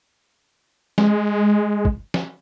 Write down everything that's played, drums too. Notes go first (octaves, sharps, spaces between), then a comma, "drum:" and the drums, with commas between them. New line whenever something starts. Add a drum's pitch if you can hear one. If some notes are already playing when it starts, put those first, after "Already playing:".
G#3, drum: snare
drum: kick
drum: snare